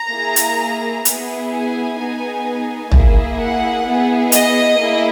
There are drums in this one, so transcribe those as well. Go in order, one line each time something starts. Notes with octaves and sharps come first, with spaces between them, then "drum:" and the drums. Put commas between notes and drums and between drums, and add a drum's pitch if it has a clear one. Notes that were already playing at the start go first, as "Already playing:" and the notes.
Already playing: A#5
A#3 E4 G#4
drum: hi-hat
B3 E4 G#4, drum: hi-hat
G#5
B3 D#4 G#4
A#3 E4 G#4, drum: tom
F#5
B3 E4 G#4
D#5, drum: hi-hat
A#3 E4 G#4